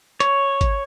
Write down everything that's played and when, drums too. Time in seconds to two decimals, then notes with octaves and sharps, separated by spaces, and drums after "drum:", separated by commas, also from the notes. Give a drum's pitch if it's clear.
0.20 C#5, drum: hi-hat
0.61 drum: kick G#1, hi-hat